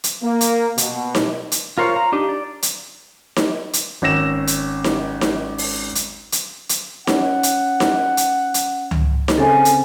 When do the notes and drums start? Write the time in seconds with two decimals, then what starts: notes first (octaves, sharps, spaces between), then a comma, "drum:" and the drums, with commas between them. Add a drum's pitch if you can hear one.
0.04 drum: hi-hat
0.22 A#3
0.41 drum: hi-hat
0.78 B2, drum: hi-hat
1.15 drum: snare D#4
1.52 drum: hi-hat
1.78 F4 A#4 C5 C#5 F5
1.94 F5 A#5
2.12 D4 D#4 G4
2.29 D5
2.62 drum: hi-hat
3.36 drum: snare D#4
3.73 drum: hi-hat
4.02 G#1 C#4 E6 A#6 E7
4.47 drum: hi-hat
4.84 drum: snare D#4
5.21 drum: snare D#4
5.58 drum: open hi-hat
5.95 drum: hi-hat
6.32 drum: hi-hat
6.69 drum: hi-hat
7.07 C#4 F#5, drum: snare D#4
7.43 drum: hi-hat
7.80 drum: snare D#4
8.17 drum: hi-hat
8.54 drum: hi-hat
8.91 drum: tom C#2
9.28 drum: snare D#4
9.38 C#3 C4 A4 G#5
9.65 drum: hi-hat